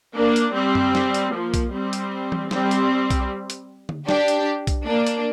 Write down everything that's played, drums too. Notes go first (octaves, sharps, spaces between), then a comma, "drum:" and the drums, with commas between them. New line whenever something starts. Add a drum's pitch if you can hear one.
A#3 D4
drum: hi-hat
G3 C4
drum: tom F#2
drum: snare
drum: hi-hat
F3 A#3
drum: kick B1, hi-hat
G3 C4
drum: hi-hat
drum: tom E3
G3 C4, drum: snare
drum: hi-hat
drum: kick B1, hi-hat
drum: hi-hat
drum: tom D3
D4 G4, drum: snare
drum: hi-hat
drum: kick B1, hi-hat
A#3 D4
drum: hi-hat